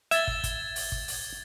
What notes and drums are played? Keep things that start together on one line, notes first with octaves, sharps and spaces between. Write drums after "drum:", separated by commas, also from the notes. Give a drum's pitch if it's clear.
E5 G#6 A6 G7, drum: hi-hat
drum: kick
drum: kick, hi-hat
drum: open hi-hat
drum: kick
drum: open hi-hat